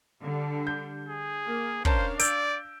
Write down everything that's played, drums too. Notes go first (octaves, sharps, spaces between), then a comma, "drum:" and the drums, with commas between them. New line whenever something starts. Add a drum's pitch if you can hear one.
D3 G3
G6
G#4
A#3
C#4 D4 A#4 C5 F5 A5, drum: kick
D5 E6 G6 D7, drum: hi-hat